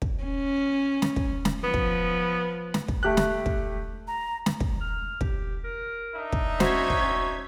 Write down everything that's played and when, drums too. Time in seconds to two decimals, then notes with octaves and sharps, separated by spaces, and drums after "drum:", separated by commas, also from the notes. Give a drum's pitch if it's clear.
0.02 drum: kick
0.24 C#4
1.02 drum: snare
1.16 drum: kick
1.45 drum: snare
1.64 F3 B3
1.74 drum: kick
2.74 drum: snare
2.88 drum: kick
3.03 A3 G4 F#6
3.17 drum: snare
3.46 drum: kick
4.07 A#5
4.46 drum: snare
4.60 drum: kick
4.81 F6
5.21 G4, drum: kick
5.64 A#4
6.15 D4 D#4 E5
6.32 drum: kick
6.60 C#4 F#4 C5 C#6 G#6 B6, drum: snare
6.90 drum: kick